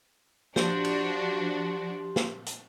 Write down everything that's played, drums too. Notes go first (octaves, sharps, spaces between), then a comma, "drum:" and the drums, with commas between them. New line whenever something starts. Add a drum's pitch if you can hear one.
F3 D4 F#4 G4 C6, drum: snare
drum: cymbal
drum: snare
drum: hi-hat